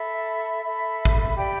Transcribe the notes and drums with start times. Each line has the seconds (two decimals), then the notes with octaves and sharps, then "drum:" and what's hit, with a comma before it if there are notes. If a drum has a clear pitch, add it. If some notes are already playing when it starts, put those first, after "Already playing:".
Already playing: A4 E5 B5
0.62 A4 E5 B5
1.05 drum: kick
1.36 G4 D5 G5 B5